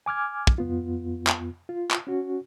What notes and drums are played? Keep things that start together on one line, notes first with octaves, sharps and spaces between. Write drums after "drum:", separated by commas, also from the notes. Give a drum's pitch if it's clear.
G#5 D6 F6 G#6
drum: kick
F2 B3 F4
drum: clap
F4
drum: clap
C#4 F#4